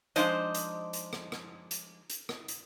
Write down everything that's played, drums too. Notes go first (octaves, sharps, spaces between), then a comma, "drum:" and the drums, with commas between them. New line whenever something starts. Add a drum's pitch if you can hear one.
F3 G#3 D4 D#4 C5 D#5, drum: hi-hat
drum: hi-hat
drum: hi-hat
drum: rim click
drum: rim click
drum: hi-hat
drum: hi-hat
drum: rim click
drum: hi-hat